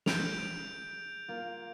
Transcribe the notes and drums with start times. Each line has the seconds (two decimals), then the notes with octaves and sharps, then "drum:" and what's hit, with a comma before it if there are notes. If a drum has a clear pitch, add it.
0.06 G#4 G6 D7 F7, drum: snare
1.28 A#3 F4